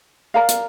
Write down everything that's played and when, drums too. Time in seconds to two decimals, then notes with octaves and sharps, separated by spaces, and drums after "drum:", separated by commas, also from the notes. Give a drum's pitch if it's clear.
0.34 A#4 D5 F5 A#5
0.49 drum: hi-hat